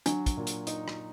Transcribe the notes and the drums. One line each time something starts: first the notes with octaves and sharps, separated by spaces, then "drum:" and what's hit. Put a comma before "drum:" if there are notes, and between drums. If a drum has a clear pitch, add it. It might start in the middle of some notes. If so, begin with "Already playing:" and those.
F#3 D4, drum: hi-hat
drum: kick, hi-hat
A#2
drum: hi-hat
D#4, drum: hi-hat
drum: rim click